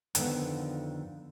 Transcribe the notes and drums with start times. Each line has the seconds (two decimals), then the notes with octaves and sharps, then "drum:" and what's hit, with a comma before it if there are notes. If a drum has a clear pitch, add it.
0.15 F2 D3 D#3 B3, drum: hi-hat